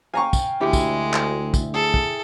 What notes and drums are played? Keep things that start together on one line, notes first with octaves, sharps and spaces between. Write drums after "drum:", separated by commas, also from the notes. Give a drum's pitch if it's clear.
F5 G5 G#5 A#5 C#6
drum: kick, tambourine
D2 G#3 E4 G4
drum: kick, tambourine
drum: clap
drum: kick, tambourine
G#4 A4
drum: kick